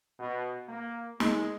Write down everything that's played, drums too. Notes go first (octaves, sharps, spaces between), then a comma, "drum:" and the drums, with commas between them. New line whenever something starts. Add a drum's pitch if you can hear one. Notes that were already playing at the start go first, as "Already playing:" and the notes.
B2
A#3
G#3, drum: snare